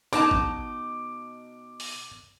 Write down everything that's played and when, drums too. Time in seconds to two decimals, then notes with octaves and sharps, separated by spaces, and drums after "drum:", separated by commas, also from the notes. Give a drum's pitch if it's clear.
0.13 B2 D#4 A5 D6, drum: tambourine
0.31 drum: kick A#1
1.80 drum: open hi-hat